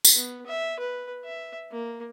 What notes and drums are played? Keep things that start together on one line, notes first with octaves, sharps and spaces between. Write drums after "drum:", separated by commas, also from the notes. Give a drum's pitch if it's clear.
drum: tambourine
B3
E5
B4
E5
A#3